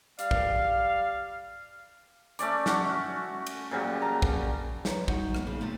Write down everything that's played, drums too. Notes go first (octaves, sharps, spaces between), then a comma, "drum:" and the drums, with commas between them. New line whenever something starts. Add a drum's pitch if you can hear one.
G3 D5 F5, drum: hi-hat
drum: kick
A3 C#4 D5 D6, drum: hi-hat
C#4 F#4, drum: snare
F#4
drum: cymbal
A#2 C#3 F#3 G3
A5 A#5
drum: kick
B4 C#5 A#5, drum: snare
G3 D#4 F#4, drum: kick
A#3 B3, drum: rim click
C#3
C3 F3 A3